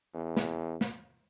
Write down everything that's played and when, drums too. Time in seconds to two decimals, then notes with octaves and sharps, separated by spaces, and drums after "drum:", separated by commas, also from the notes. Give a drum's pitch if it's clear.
0.14 E2
0.37 drum: snare
0.81 drum: snare